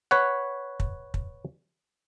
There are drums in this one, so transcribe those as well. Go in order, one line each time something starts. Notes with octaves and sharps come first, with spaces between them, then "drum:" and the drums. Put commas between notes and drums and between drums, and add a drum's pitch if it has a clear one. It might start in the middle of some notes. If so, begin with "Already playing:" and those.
B4 C#5 F#5
drum: kick
drum: kick